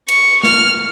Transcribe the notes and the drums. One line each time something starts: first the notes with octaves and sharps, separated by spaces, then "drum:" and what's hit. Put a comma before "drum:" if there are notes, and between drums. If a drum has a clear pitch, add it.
C#6, drum: cymbal
F6, drum: snare